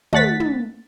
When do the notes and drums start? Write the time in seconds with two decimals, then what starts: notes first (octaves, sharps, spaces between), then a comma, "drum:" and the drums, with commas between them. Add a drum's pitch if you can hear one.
0.13 D#2 A3 F#5 A6 B6, drum: tom
0.40 drum: tom